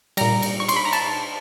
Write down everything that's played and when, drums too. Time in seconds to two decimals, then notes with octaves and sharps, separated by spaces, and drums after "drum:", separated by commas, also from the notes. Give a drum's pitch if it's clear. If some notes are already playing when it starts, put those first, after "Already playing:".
0.17 A#2 G3 A#5, drum: cymbal
0.42 drum: cymbal
0.60 C#6
0.69 C6, drum: cymbal
0.76 B5
0.85 A#5
0.93 A5, drum: cymbal